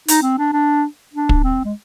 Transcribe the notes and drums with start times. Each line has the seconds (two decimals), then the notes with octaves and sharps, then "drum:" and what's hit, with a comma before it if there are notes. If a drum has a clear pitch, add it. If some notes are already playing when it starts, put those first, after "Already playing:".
0.08 D#4, drum: hi-hat
0.23 C4
0.38 D4
0.53 D4
1.13 D4
1.29 drum: kick
1.44 C4
1.65 G#3